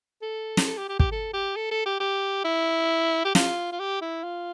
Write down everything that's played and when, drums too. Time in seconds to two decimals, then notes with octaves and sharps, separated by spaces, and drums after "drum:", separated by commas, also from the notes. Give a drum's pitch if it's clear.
0.22 A4
0.57 drum: snare
0.67 A4
0.78 G4
0.89 G4
0.99 G4, drum: kick
1.12 A4
1.33 G4
1.56 A4
1.71 A4
1.86 G4
2.00 G4
2.45 E4
3.25 G4
3.35 F4, drum: snare
3.72 F4
3.80 G4
4.02 E4
4.24 F4